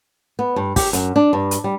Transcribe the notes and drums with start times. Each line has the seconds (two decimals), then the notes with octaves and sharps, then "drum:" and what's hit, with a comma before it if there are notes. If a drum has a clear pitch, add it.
0.39 B3
0.56 G2
0.76 G4, drum: kick, open hi-hat
0.93 F#2, drum: hi-hat
1.16 D4
1.33 G2
1.51 drum: hi-hat
1.64 G3